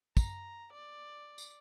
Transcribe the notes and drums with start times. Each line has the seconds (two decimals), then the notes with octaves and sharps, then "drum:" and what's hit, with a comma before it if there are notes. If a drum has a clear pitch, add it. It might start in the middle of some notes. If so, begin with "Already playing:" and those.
0.17 A#5, drum: kick, tambourine
0.73 D5
1.38 drum: tambourine